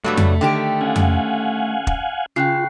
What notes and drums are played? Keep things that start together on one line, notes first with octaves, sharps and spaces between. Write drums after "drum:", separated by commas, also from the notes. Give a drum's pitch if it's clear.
G2 F#3 G3 A3
drum: tom F2
D3 D#3 G4 G5
C#4 F5 F#5 G#5
drum: tom F2
drum: kick
C#3 F4 G5 F#6 C7